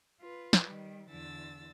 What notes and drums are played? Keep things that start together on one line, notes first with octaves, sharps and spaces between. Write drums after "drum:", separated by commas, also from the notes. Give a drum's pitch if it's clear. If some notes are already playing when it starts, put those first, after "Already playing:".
F4 B4
drum: snare
D#3 G3
E2 D3 E3 E6 A6